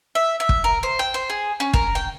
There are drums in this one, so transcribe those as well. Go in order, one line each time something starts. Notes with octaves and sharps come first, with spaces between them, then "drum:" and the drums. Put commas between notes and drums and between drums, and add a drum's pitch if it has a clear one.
E5
E5
drum: kick
A#4
C5
G5
C5
G#4
C#4
A#4, drum: kick
G5